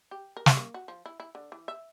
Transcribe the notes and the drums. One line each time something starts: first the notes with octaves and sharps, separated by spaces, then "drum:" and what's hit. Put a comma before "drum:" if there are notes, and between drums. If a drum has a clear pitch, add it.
G4
A#4
drum: snare
A#3
F#4
F3
E4
E4
D3
E3
E5